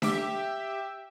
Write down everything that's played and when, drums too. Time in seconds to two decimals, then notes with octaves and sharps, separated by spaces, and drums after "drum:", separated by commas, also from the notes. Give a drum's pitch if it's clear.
0.02 G4 E5, drum: snare D4